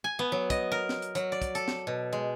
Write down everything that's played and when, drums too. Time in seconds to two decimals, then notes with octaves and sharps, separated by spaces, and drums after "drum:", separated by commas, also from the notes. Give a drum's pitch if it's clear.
0.04 G#5
0.19 B3
0.32 F#3
0.50 D#5, drum: kick, hi-hat
0.72 A#4
0.89 drum: snare
1.02 drum: hi-hat
1.15 F#3, drum: hi-hat
1.32 D5
1.42 drum: kick, hi-hat
1.55 A4, drum: hi-hat
1.68 drum: snare
1.87 B2
2.13 G#3